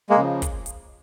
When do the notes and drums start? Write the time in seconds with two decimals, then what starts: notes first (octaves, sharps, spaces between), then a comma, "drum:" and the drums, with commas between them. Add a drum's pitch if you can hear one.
0.10 G#3 A#3
0.18 C#3 F3
0.42 drum: kick, hi-hat
0.66 drum: hi-hat